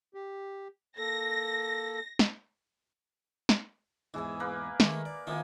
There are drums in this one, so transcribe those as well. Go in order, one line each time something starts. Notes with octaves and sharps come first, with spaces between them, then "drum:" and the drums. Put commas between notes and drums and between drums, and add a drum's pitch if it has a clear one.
G4
A#3 A4 A#6
drum: snare
drum: snare
E2 G#2 E3 G#4 E5
A#3 B4
D#3 G#3 A3, drum: snare
D5
D#3 F3 A#3 C4 E4 G#5